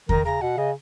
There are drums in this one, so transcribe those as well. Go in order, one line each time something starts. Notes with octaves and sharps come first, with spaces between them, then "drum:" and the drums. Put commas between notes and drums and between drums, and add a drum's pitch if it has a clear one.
D#3 A#5, drum: kick E2
C#3 A#5
B2 F#5
C#3 D#5